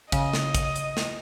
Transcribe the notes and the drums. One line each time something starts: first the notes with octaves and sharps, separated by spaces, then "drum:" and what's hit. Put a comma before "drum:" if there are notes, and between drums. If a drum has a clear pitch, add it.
C#3 D#5, drum: kick, hi-hat
drum: snare
drum: kick, hi-hat
drum: hi-hat
drum: snare